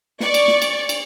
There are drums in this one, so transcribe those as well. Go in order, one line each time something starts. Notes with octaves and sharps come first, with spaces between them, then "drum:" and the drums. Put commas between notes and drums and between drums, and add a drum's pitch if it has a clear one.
D5 C#6, drum: snare
drum: cymbal
drum: snare
drum: cymbal
drum: cymbal